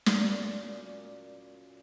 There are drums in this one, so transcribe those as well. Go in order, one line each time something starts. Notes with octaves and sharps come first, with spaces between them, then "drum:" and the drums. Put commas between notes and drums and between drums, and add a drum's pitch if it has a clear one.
F#2 A#2 D5, drum: snare